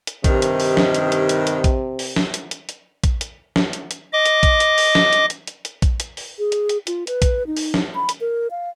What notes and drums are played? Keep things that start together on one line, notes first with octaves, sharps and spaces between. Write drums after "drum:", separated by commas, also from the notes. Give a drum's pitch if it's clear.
drum: hi-hat
G2 C3 D#3, drum: kick A#1, hi-hat
drum: hi-hat
drum: open hi-hat
drum: snare
drum: hi-hat
drum: hi-hat
drum: hi-hat
drum: hi-hat
drum: kick A#1, hi-hat
drum: open hi-hat
drum: snare
drum: hi-hat
drum: hi-hat
drum: hi-hat
drum: kick A#1, hi-hat
drum: hi-hat
drum: snare
drum: hi-hat
drum: hi-hat
D#5 D6
drum: hi-hat
drum: kick A#1, hi-hat
drum: hi-hat
drum: open hi-hat
drum: snare
drum: hi-hat
drum: hi-hat
drum: hi-hat
drum: hi-hat
drum: kick A#1, hi-hat
drum: hi-hat
drum: open hi-hat
G#4
drum: hi-hat
drum: hi-hat
F4, drum: hi-hat
B4, drum: hi-hat
drum: kick A#1, hi-hat
D#4
drum: open hi-hat
drum: snare
B5
drum: hi-hat
A#4
F5